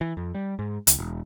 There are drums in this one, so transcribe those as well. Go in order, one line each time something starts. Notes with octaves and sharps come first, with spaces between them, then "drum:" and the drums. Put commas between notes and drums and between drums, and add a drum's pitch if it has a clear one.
E3
F2
G3
G#2
C#2, drum: hi-hat
E1